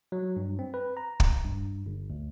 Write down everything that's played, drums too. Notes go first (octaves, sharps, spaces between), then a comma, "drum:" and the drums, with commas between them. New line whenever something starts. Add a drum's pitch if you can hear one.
F#3
G2
C4
B4
A#5
drum: kick
G2
G1
D2